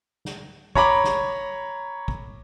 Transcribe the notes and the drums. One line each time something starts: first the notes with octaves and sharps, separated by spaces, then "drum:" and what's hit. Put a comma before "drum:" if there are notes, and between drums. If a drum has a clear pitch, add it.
drum: snare
C#5 A#5 B5 D6, drum: kick
drum: snare
drum: kick